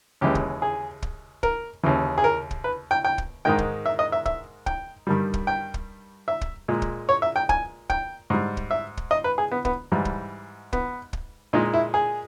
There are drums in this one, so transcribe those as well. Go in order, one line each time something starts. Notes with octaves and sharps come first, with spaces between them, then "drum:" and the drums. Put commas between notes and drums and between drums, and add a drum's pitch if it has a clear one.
D#2 C#3 E3 G#3 G4
drum: kick
G#4
drum: kick
A#4, drum: kick
D#2 C#3 E3
G#4
A#4
drum: kick
B4
G5
G5
drum: kick
G#2 D#3 G#3 G5
drum: kick
E5
D#5
E5
E5, drum: kick
G5, drum: kick
G2 D#3 G3
drum: kick
G5
drum: kick
E5
drum: kick
A#2 G#3
drum: kick
C#5
E5
G5
G#5, drum: kick
G5, drum: kick
G#2 G3
drum: kick
E5
drum: kick
D#5
B4
G#4
B3
B3, drum: kick
G#2 E3 G3
drum: kick
B3, drum: kick
drum: kick
A#2 G#3 D#4
E4
G#4